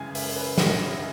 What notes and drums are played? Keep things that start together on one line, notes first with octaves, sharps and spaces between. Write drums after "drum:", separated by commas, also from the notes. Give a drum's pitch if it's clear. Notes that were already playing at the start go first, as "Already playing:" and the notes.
Already playing: F#2 C#3 E3 G#3 G#5
E5, drum: open hi-hat
B4
D#5, drum: snare
E5